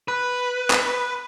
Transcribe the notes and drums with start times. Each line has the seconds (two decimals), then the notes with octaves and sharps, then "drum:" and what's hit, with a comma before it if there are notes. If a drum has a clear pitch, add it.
0.08 B4
0.70 drum: clap